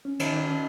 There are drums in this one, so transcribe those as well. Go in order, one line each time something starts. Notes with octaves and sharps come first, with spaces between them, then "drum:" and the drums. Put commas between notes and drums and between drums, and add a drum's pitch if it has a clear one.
C#4
D#3, drum: cymbal
D#3
C#4